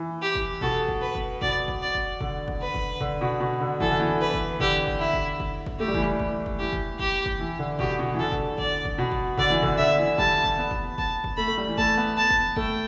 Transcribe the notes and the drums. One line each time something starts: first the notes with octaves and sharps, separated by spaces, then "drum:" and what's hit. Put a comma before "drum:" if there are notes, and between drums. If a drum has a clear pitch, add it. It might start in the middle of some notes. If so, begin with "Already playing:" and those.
Already playing: E3
G4
drum: kick
B2 A4, drum: kick
drum: kick
B4
drum: kick
B2 D5, drum: kick
drum: kick
D5
drum: kick
D3, drum: kick
drum: kick
B4
drum: kick
D3, drum: kick
B2
B2
D3
E3 A4, drum: kick
D3
E3
B4
drum: kick
D3 G4, drum: kick
drum: kick
E4
drum: kick
drum: kick
drum: kick
A3 G4
G3
E3, drum: kick
G3
drum: kick
drum: kick
E3 G4
drum: kick
G4, drum: kick
drum: kick
E3
D3
B2 G4, drum: kick
B2
E3
D3 A4
drum: kick
D5, drum: kick
drum: kick
B2
drum: kick
D3 D5, drum: kick
E3
D3, drum: kick
D3 E5
E3
G3 A5, drum: kick
drum: kick
B3
drum: kick
A5, drum: kick
drum: kick
A3 B5
A3
G3
E3
A3 A5, drum: kick
B3
A5
drum: kick
A3 G5, drum: kick